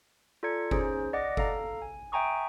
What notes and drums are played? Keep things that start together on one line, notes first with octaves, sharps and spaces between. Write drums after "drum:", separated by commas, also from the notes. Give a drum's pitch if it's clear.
F4 A4 D5 A#5 G#6 C#7
C#4 D#4 G#4 C5, drum: kick F#1
D5 D#5 F#5 D6 A#6
A4 F5 A#5, drum: kick F#1
G#5
E5 G5 G#5 A#5 C#6 D#6